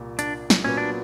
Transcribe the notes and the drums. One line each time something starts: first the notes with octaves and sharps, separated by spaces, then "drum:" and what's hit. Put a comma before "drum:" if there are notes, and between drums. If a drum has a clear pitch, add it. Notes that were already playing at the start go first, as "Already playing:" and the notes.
Already playing: C2 A#2
D4, drum: hi-hat
drum: snare
A#2 F#3 B3 C#4
D4